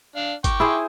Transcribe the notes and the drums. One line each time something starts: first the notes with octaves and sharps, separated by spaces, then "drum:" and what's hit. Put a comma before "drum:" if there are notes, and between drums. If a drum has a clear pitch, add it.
D4 F5
G5 C#6 D6, drum: kick G1, hi-hat
E4 G#4 C5